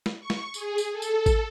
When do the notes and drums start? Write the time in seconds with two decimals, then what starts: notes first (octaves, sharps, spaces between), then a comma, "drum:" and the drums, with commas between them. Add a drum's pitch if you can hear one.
0.06 drum: snare
0.20 C#6
0.30 drum: snare
0.54 G#4, drum: tambourine
0.78 drum: tambourine
0.92 A4
1.02 drum: tambourine
1.26 drum: kick A1, tambourine